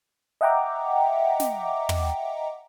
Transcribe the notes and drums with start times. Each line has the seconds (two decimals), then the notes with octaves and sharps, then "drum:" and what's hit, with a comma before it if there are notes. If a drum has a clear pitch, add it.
0.41 D#5 E5 F#5 G5 A#5 D6
1.40 drum: snare
1.89 drum: tom